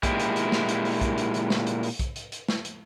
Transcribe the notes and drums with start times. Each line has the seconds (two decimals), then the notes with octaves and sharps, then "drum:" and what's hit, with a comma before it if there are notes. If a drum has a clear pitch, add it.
0.03 A#2 G#3 E4 G4, drum: kick, hi-hat
0.20 drum: hi-hat
0.36 drum: hi-hat
0.52 drum: snare A3
0.69 drum: hi-hat
0.85 drum: open hi-hat
1.01 drum: kick, hi-hat
1.18 drum: hi-hat
1.34 drum: hi-hat
1.50 drum: snare A3
1.67 drum: hi-hat
1.83 drum: open hi-hat
1.99 drum: kick, hi-hat
2.16 drum: hi-hat
2.32 drum: hi-hat
2.48 drum: snare A3
2.65 drum: hi-hat